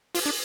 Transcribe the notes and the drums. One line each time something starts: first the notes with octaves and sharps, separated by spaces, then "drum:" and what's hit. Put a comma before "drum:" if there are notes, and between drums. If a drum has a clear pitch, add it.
F4, drum: open hi-hat
D4